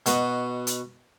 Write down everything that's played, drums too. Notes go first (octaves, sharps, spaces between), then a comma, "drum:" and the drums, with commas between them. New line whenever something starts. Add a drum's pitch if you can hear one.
B2 F#4 B4 D#5, drum: hi-hat
drum: hi-hat